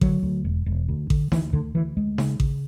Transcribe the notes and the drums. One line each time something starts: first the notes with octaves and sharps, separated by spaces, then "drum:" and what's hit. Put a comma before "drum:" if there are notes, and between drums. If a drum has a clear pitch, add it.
D3 F#3, drum: kick A1
D2
E1
E1
D2
D3, drum: kick A1
D2 E3, drum: snare D#4
D2 D3
D2 E3
D2 G#3
C#3, drum: snare D#4
C#3, drum: kick A1